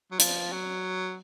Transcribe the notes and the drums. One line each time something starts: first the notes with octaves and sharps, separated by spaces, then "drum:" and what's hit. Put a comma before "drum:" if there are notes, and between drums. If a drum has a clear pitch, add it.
F#3
F3, drum: hi-hat
F#3